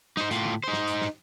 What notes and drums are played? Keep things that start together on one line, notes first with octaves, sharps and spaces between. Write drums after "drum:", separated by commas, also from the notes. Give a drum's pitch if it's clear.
D#4 C5, drum: snare
A2 F4, drum: hi-hat
drum: tom D3
D#4 C5
drum: snare
drum: hi-hat
drum: snare